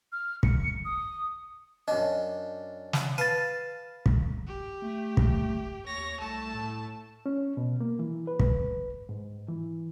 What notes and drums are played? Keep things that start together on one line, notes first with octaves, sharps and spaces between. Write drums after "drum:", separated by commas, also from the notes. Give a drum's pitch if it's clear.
F6
C#7, drum: kick
D#6
F#2 D4 D#5
drum: snare
B4 F5 A5 A6 D#7
drum: kick
G4
A3
drum: kick
D#2 C#5 A#6
C2 A3 A5
A2
C#4
B2
A#3
E3
B4
drum: kick
G#2
E3